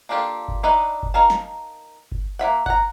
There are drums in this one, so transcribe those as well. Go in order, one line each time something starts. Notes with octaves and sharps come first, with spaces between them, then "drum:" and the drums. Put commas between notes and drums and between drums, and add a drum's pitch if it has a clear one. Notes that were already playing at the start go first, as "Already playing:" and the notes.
A#3 D4 F4 G4 A4
drum: kick G1
D4 D#4 B4 E5
drum: kick G1
D#4 A#4 F5 A5
drum: snare
drum: kick G1
A#3 F4 E5 F#5
F#5 A#5, drum: kick G1